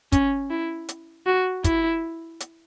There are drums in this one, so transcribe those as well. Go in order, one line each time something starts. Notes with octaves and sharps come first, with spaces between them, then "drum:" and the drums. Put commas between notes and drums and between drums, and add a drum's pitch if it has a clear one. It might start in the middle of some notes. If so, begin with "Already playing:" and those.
C#4, drum: kick, hi-hat
E4
drum: hi-hat
F#4
E4, drum: kick, hi-hat
drum: hi-hat